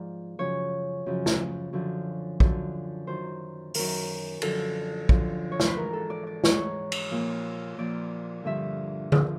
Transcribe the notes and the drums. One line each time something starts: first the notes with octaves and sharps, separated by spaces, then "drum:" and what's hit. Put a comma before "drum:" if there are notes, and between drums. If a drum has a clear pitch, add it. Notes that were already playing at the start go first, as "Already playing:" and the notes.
Already playing: G#2 F3 D5
F#2 C#3 F3 C#5
F#2 C#3 F3
drum: snare
F#2 D3 F3
F#2 D3 F3, drum: kick
F#2 D#3 C5
F#2 D#3 A#4, drum: open hi-hat
F#2 D3 F3 A4, drum: cymbal
F#2 D3 F3, drum: kick
C#5
C5, drum: snare
B4
G#2 E3 A#4
A4
D5
D5
G#2 E3 C#5, drum: snare
drum: cymbal
A#2 F3
A#2 F3 D5
G2 D3 F3 E5
D3 F3, drum: tom D3